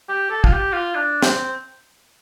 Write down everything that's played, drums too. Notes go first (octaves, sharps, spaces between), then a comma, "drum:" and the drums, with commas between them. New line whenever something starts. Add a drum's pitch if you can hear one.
G4
A4
F4, drum: kick
G4
F4
D4
C4, drum: snare